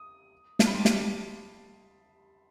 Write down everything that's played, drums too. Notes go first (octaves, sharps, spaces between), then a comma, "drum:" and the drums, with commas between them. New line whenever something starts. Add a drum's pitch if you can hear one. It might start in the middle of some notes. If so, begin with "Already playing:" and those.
Already playing: D#6
A5, drum: snare
B5
G3 C6
drum: snare